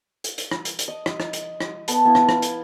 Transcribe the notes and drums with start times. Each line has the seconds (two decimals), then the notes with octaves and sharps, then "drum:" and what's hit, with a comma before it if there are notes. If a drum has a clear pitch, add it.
0.24 drum: hi-hat
0.38 drum: hi-hat
0.51 drum: rim click
0.65 drum: hi-hat
0.79 drum: hi-hat
0.88 D#5
1.06 drum: rim click
1.20 drum: rim click
1.33 drum: hi-hat
1.61 drum: rim click
1.88 B3 B4 A5, drum: hi-hat
2.05 B3 E4 F5
2.15 drum: rim click
2.29 drum: rim click
2.42 drum: hi-hat